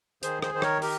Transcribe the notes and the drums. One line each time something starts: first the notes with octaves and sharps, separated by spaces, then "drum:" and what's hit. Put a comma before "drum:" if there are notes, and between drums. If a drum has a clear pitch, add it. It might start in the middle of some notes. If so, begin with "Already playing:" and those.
D#3 G#4 C5, drum: hi-hat
G#4 C5, drum: rim click
D#3 C5
A#4 C#5, drum: rim click
G4 A#4, drum: open hi-hat